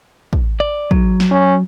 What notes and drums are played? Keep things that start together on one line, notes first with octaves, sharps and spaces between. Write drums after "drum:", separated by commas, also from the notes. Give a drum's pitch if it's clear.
drum: kick
D5
F#3, drum: kick
drum: snare
C#4